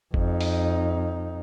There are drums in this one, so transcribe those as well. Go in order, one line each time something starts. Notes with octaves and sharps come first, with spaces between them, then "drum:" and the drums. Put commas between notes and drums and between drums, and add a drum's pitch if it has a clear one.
F2 D#4, drum: kick G1
drum: open hi-hat